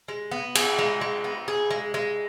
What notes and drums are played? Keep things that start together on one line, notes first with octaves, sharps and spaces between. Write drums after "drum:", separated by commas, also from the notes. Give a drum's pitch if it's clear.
G#3
B3
G#4, drum: cymbal
G#3
G#3
B3
G#4
G#3
G#3